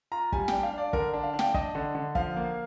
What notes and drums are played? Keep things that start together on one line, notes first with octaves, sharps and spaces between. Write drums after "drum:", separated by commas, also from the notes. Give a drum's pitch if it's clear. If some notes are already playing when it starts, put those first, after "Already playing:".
F4 A#5
G3 G#5, drum: kick
D4 G5, drum: snare
F5
D4 D5
D3 A#4, drum: kick
D4
F5
D4
G5, drum: snare
D4 D#5, drum: kick
D3
D3
F3 F5, drum: kick
A#3